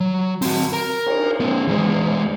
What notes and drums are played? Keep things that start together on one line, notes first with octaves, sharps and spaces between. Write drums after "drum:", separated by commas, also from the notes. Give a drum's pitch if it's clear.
F#3
C4 F#4, drum: open hi-hat
A#4 A#5
drum: cymbal
B3 C#4
E2 G#3